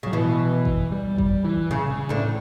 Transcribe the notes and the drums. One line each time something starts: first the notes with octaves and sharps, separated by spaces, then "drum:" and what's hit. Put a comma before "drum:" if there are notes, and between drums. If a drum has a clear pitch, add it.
C#3 F#3
B2 E3
drum: kick G#1
G3
G3, drum: kick G#1
E3
C#3
C#3
D2 A2 D3